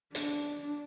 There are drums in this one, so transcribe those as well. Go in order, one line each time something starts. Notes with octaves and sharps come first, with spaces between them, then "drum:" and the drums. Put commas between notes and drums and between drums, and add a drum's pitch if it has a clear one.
D4, drum: hi-hat